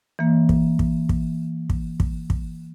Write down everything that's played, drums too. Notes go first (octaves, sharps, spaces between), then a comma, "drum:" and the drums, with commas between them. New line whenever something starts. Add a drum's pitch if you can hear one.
E3 A#3
drum: kick
drum: kick
drum: kick
drum: kick
drum: kick
drum: kick